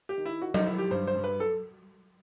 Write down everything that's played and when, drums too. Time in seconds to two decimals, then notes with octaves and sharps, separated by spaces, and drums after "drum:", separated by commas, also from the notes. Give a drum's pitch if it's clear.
0.09 G4
0.18 D#3
0.26 E4
0.42 D#3 F#4
0.54 D#4, drum: tom F#3
0.67 D#3 E4
0.78 G4
0.91 G2 C5
1.07 C5
1.16 G2
1.24 B4
1.40 A4